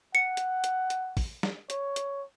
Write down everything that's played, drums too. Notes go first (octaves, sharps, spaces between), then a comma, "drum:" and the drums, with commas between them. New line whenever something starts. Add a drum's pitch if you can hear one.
F#5 C#7
drum: hi-hat
drum: hi-hat
drum: hi-hat
drum: kick, open hi-hat
drum: snare
C#5, drum: hi-hat
drum: hi-hat